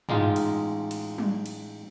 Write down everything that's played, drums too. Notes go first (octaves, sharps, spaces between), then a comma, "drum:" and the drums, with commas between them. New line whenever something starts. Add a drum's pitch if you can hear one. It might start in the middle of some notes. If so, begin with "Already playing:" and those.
A1 G#3 D#4 F4, drum: tom
drum: cymbal
drum: cymbal
drum: tom F#3
drum: cymbal